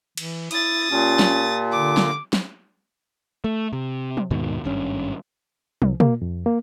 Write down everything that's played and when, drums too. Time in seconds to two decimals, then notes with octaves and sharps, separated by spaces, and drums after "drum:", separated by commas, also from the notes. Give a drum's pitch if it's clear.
0.17 E3, drum: cymbal
0.51 E4 D#6 A6, drum: hi-hat
0.90 A#2 C#4 F4 G4 A5
1.19 drum: snare
1.72 D3 D6
1.97 drum: snare
2.33 drum: snare
3.44 A3
3.73 C3
4.17 drum: tom
4.30 D#2 G#2 B2 D#3
4.64 G#1 G2 C#4
5.82 C2, drum: tom
6.00 A#3, drum: tom
6.22 F2
6.46 A#3